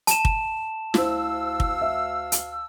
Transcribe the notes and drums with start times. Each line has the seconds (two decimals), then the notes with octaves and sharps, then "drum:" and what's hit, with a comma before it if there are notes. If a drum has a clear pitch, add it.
0.07 A5 E7, drum: hi-hat
0.25 drum: kick
0.94 D2 E4 C5 F5 E6, drum: snare
1.60 drum: kick
1.81 E5
2.32 drum: hi-hat